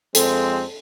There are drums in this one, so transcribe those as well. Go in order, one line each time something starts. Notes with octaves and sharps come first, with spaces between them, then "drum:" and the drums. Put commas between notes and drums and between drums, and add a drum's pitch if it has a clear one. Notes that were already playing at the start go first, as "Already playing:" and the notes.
F2 G#3 C4 A4, drum: hi-hat